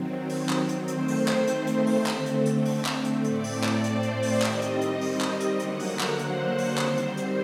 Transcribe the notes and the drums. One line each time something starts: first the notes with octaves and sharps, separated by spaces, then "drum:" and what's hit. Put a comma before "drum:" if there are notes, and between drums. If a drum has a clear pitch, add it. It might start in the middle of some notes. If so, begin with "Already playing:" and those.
Already playing: D#3 F#3 C4
drum: open hi-hat
drum: clap
drum: hi-hat
D#3 A3 C4 C5, drum: hi-hat
drum: open hi-hat
drum: clap
drum: hi-hat
drum: hi-hat
drum: open hi-hat
D3 A3 C4, drum: clap
drum: hi-hat
drum: hi-hat
drum: open hi-hat
drum: clap
drum: hi-hat
A2 A3 C4 D5, drum: hi-hat
drum: open hi-hat
drum: clap
C5, drum: hi-hat
drum: hi-hat
drum: open hi-hat
D#3 G3 C4 D#5, drum: clap
drum: hi-hat
drum: hi-hat
D#5, drum: open hi-hat
drum: clap
drum: hi-hat
D3 F#3 A#3 F#5, drum: hi-hat
drum: open hi-hat
drum: clap
C5, drum: hi-hat
drum: open hi-hat
D#3 G3 C4 C5, drum: clap
drum: hi-hat
drum: hi-hat